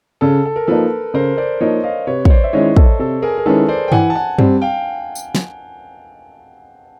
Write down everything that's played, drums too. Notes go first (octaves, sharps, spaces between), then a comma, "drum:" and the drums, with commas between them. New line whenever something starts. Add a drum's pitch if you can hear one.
C#3 A4
A4
A#4
F3 A#3 D#4 A4 B4
C#3 A#4 C5
C5 D5
F3 A#3 D#4 C#5 D#5
D#5 F5
C3 B4 C#5
C#5, drum: kick
C5 D5
E5
D#3 G#3 C#4 E4 C#5 D#5
A4, drum: kick
C3 A4
G#4 A#4
A#4
D#3 G#3 C#4 E4 A4 B4
C5 D5
G5
E3 F#5 G#5, drum: tom G2
A5
F#5 G#5
G3 C4, drum: tom G2
F5 G5
drum: tambourine
drum: snare